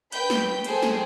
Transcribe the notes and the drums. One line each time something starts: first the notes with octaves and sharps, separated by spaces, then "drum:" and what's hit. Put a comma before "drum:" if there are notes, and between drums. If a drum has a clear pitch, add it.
B4 G5 B5 G6, drum: cymbal
drum: snare
G#4 A4 C5 G5 G#5, drum: cymbal
drum: snare